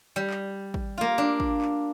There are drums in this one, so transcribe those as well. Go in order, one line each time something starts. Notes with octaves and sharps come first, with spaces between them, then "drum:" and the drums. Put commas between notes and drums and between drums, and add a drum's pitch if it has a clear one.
G3
drum: clap
drum: kick
A#3 F4
D4
drum: kick
drum: clap